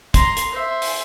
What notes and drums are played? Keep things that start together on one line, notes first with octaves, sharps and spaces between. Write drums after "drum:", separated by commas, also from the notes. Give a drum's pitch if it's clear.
A#5 C6, drum: kick, hi-hat
drum: hi-hat
C5 E5
drum: open hi-hat